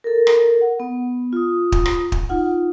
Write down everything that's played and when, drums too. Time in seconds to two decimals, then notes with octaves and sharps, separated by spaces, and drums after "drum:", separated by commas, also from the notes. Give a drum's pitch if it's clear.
0.04 A4 A#4
0.27 drum: rim click
0.61 F#5
0.80 B3
1.33 F4 D#6
1.72 drum: kick
1.86 drum: rim click
2.12 drum: kick
2.29 D#4 F4 F#5